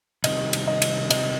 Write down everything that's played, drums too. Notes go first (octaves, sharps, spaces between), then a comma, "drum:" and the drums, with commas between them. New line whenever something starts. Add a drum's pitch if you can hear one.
C3 D#3 G3 C4 D#5, drum: cymbal
drum: cymbal
D#5
drum: cymbal
C3 D#3 G3 C4 D#5, drum: cymbal